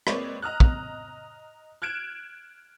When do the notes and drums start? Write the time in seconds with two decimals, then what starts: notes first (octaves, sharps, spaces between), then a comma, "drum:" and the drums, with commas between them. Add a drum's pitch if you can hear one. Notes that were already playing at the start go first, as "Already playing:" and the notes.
0.07 G#3 A#3 C4 B4 C#5 D5, drum: rim click
0.42 D#5 A#5 D#6 F6 F#6
0.60 drum: kick
1.82 F6 F#6 G#6 D7 E7